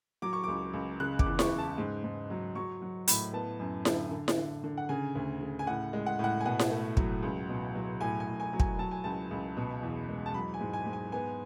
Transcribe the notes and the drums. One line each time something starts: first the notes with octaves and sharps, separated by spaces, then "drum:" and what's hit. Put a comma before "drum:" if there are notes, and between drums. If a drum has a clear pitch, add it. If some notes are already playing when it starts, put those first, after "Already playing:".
F#3 D6
C#6
C#2 D6
C#2
C#3 F#6
D6, drum: kick
E2
C#6, drum: snare E4
C#3
A5
G#2
G#2
F#3
F#3 C#6
F#3
A2 B5, drum: hi-hat
B3 A5
F#2
D3, drum: snare E4
D3
drum: snare E4
D3
D3
F#5
C#3 G#5
D2
C#3
G#5
A2 F#5
G#3
F#5
A2 F#5
G#5
B2 F#5
drum: snare E4
A3
F#3, drum: kick
C#2
B2
F#3
A2 G#5
G#5
A2
G#5
F#3
G#5, drum: kick
F#3 A5
G#5
C#2 A5
C#2
B2
E2
G#3
A5
F#3 B5
G#5
G#2
G#5
G#2
G#5
B3 G#5